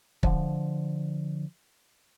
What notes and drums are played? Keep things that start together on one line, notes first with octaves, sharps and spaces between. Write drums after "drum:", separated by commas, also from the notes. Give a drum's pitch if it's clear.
D3 F3, drum: kick